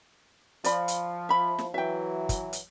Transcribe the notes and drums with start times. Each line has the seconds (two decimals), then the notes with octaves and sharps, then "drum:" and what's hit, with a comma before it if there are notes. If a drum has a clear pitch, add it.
0.64 F3 D5 B5, drum: hi-hat
0.88 drum: hi-hat
1.29 E5 B5
1.58 drum: snare
1.74 E3 F#3 E5 G5
2.29 drum: kick, hi-hat
2.53 drum: hi-hat